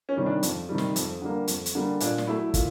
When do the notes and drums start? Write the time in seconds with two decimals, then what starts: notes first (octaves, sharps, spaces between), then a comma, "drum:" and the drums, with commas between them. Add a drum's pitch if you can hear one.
0.09 C#4
0.17 C3 D#3 G3
0.26 D4
0.43 F2, drum: hi-hat
0.69 C3 D#3 G3
0.78 drum: snare
0.96 F2, drum: hi-hat
1.22 D3 G3 A#3
1.48 F2, drum: hi-hat
1.66 drum: hi-hat
1.75 D3 G3 A#3
2.00 A#2 D4, drum: hi-hat
2.18 drum: snare
2.27 F#3 A3 E4
2.54 A#2, drum: kick, hi-hat